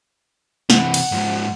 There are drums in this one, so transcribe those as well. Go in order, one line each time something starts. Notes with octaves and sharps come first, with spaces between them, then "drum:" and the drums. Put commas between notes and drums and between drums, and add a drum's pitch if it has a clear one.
C3 E3 F#5, drum: snare
drum: cymbal
G#2 F3